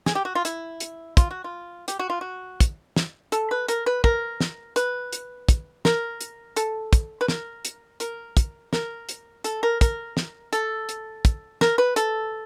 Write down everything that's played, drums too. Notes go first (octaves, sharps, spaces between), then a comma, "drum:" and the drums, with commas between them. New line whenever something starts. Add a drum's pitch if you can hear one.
G#4, drum: snare
G4
F#4
F4
E4, drum: hi-hat
drum: hi-hat
F4, drum: kick, hi-hat
F#4
F4
G4, drum: hi-hat
F#4
F4
F#4
drum: kick, hi-hat
drum: snare
A4, drum: hi-hat
B4
A#4, drum: hi-hat
B4
A#4, drum: kick
drum: snare
B4, drum: hi-hat
drum: hi-hat
drum: kick, hi-hat
A#4, drum: snare
drum: hi-hat
A4, drum: hi-hat
drum: kick, hi-hat
B4
A#4, drum: snare
drum: hi-hat
A#4, drum: hi-hat
drum: kick, hi-hat
A#4, drum: snare
drum: hi-hat
A4, drum: hi-hat
A#4
A#4, drum: kick, hi-hat
drum: snare
A4, drum: hi-hat
drum: hi-hat
drum: kick, hi-hat
A#4, drum: snare
B4
A4, drum: hi-hat